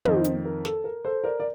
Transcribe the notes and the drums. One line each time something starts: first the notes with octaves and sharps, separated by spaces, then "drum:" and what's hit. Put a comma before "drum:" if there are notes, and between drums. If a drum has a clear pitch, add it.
F2 D#3 C5 D#5, drum: tom
drum: hi-hat
A#4
A4, drum: snare
A#4
A4 C5
A#4 D5
D5